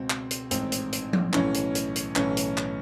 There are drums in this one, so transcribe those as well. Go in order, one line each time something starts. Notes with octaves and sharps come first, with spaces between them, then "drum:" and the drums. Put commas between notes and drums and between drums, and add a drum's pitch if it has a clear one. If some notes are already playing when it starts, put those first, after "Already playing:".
Already playing: C#2 B2 C4
drum: clap
drum: hi-hat
A1 G#2 D#3 C4, drum: hi-hat
drum: hi-hat
drum: hi-hat
drum: tom F3
B1 A2 E3 C#4, drum: clap
drum: hi-hat
drum: hi-hat
drum: hi-hat
B1 A2 E3 C#4, drum: clap
drum: hi-hat
drum: clap